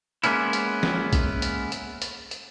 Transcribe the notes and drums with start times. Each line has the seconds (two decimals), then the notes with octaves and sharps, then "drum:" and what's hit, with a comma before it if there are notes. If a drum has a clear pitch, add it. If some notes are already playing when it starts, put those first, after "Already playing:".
0.24 G#3 A#3 B3 C#4 E4, drum: hi-hat
0.53 drum: hi-hat
0.83 drum: snare
1.13 drum: kick, hi-hat
1.42 drum: hi-hat
1.72 drum: hi-hat
2.02 drum: hi-hat
2.31 drum: hi-hat